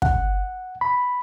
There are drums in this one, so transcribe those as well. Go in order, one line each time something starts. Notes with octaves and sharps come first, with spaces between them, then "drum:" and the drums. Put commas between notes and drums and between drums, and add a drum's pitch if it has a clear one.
F#5, drum: kick
B5